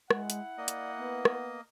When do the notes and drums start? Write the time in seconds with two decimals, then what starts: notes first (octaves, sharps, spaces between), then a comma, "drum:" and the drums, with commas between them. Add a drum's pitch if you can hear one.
0.11 G#3 E4 F#5, drum: rim click
0.30 drum: hi-hat
0.58 A#3 D5 D#5
0.68 drum: hi-hat
0.98 B3
1.25 drum: rim click